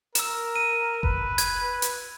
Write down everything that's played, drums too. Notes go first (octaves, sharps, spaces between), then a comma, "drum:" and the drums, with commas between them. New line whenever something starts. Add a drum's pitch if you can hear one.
A#4 E6 E7, drum: hi-hat
D#7
B4, drum: kick F#1
G#6, drum: hi-hat
drum: hi-hat